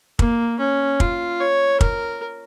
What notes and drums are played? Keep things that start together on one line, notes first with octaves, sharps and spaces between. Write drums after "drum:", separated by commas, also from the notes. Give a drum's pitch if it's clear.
A#3, drum: kick
C#4
F4, drum: kick
C#5
A#4, drum: kick